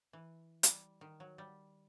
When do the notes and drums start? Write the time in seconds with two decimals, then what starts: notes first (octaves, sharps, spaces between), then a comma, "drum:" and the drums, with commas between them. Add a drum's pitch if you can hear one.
0.13 E3
0.63 G3, drum: hi-hat
1.01 D#3
1.20 F#3
1.38 G3